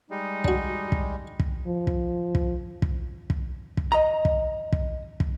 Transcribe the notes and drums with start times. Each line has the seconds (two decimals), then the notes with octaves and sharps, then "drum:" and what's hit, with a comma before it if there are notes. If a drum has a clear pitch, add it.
0.10 G3 G#3 D#4
0.44 D4 F#4, drum: kick
0.92 drum: kick
1.40 drum: kick
1.67 F3
1.87 drum: kick
2.35 drum: kick
2.82 drum: kick
3.30 drum: kick
3.77 drum: kick
3.92 D#5 A#5
4.25 drum: kick
4.72 drum: kick
5.20 drum: kick